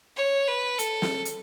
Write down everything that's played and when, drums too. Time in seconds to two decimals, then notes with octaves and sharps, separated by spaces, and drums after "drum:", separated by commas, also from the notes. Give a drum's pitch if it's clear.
0.16 C#5
0.48 B4
0.79 A4, drum: hi-hat
1.02 drum: snare
1.25 drum: hi-hat